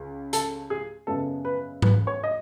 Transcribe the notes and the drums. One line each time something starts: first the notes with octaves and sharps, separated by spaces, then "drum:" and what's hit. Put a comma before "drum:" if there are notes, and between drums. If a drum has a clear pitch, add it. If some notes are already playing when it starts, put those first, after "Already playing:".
Already playing: C#2 C#3
A4, drum: hi-hat
G#4
F#2 C#3 G#3 B3 A4
B4
B4, drum: tom G#2
C#5
D#5